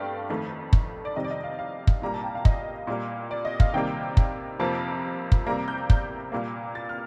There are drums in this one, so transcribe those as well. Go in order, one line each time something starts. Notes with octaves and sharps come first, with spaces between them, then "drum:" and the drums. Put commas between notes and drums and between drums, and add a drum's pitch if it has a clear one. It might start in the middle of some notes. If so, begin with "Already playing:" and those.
Already playing: G2 A3 D5 F5 G5
F2 D#3 A3
drum: kick
D5
F2 C3 D#3 G3 D#5
D5
D#5
F5
F5
drum: kick
A#2 G3 A#3 A#5
A5
G5
F5
D#5, drum: kick
A#2 G3 A#3
D5
D#5
F5, drum: kick
C3 D#3 G3 A#3 G5
drum: kick
F2 C3 F3 A#3 A5
drum: kick
C3 G3 A#3 A#5
G6
G6, drum: kick
A#2 G3 A#3
A6
F6